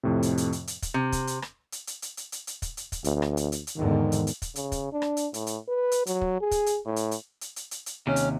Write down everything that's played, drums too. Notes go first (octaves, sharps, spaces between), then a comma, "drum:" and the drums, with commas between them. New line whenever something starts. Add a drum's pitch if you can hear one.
F2 A2 C3
drum: hi-hat
drum: hi-hat
drum: hi-hat
drum: hi-hat
drum: kick, hi-hat
C3
drum: kick, hi-hat
drum: hi-hat
drum: rim click
drum: hi-hat
drum: hi-hat
drum: hi-hat
drum: hi-hat
drum: hi-hat
drum: hi-hat
drum: kick, hi-hat
drum: hi-hat
drum: kick, hi-hat
D2, drum: hi-hat
drum: rim click
drum: hi-hat
drum: hi-hat
drum: hi-hat
E2 G#2 D3 D#3
drum: hi-hat
drum: hi-hat
drum: kick, hi-hat
C#3, drum: hi-hat
drum: kick, hi-hat
D4
drum: rim click
drum: hi-hat
A2, drum: hi-hat
drum: hi-hat
B4
drum: hi-hat
F#3, drum: hi-hat
drum: kick
G#4
drum: kick, hi-hat
drum: hi-hat
A2
drum: hi-hat
drum: hi-hat
drum: hi-hat
drum: hi-hat
drum: hi-hat
drum: hi-hat
D#2 C3 C#4
drum: hi-hat